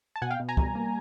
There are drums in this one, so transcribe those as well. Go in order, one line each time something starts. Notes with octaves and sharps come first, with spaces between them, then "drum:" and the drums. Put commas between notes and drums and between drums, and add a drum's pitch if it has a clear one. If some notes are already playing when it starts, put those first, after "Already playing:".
A5
B2 F#5 G#5
F5 G5
B2
G#5 A#5
G3, drum: kick
A#3